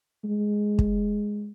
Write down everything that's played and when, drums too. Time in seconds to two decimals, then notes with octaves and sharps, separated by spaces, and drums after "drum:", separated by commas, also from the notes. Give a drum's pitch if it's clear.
0.24 G#3
0.79 drum: kick